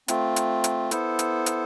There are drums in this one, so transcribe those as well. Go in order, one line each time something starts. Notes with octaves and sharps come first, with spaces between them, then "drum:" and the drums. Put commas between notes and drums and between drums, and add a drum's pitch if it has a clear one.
A3 C4 F4, drum: hi-hat
drum: hi-hat
drum: hi-hat
B3 E4 A4 C5, drum: hi-hat
drum: hi-hat
drum: hi-hat